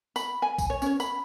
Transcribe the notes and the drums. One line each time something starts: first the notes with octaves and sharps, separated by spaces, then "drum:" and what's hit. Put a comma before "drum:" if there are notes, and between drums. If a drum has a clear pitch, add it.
B5, drum: tambourine
G#5
drum: kick A#1, tambourine
C#5
C#4 C#5, drum: tambourine
B5, drum: tambourine